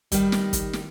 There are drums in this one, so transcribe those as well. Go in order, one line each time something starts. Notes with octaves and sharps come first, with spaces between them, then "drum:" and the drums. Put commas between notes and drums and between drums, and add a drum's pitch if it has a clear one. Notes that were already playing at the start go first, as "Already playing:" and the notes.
D#3 G3, drum: kick, hi-hat
drum: snare
drum: kick, hi-hat
drum: snare